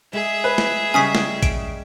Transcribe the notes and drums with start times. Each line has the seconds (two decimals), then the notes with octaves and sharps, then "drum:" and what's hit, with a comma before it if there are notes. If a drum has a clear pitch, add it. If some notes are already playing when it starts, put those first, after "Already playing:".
0.13 G#3 G#4 E5
0.44 B4
0.58 drum: snare
0.94 C#3 G3 G#3 G#5 D#6 B6
1.15 drum: snare
1.43 D7, drum: kick A1, hi-hat